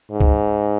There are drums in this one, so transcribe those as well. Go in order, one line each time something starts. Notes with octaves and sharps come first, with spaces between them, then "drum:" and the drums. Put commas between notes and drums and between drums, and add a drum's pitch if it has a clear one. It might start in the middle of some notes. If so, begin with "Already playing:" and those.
G#2
drum: kick